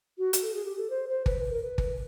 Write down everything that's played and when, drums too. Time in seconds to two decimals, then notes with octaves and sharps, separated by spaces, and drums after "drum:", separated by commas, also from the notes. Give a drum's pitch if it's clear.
0.18 F#4
0.33 drum: hi-hat
0.42 A4
0.54 G#4
0.65 G4
0.78 A4
0.90 C5
1.09 C5
1.26 B4, drum: kick G1
1.50 A#4
1.63 B4
1.78 drum: kick G1